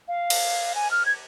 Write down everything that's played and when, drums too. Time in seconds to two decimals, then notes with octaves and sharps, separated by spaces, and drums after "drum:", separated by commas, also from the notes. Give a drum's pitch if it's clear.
0.08 F5
0.30 drum: cymbal
0.75 G#5
0.91 F6
1.06 G#6